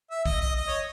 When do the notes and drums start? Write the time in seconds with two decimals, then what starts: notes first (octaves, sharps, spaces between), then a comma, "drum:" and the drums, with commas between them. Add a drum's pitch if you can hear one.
0.10 E5
0.26 D#5, drum: kick
0.41 D#5
0.56 D#5
0.67 C#5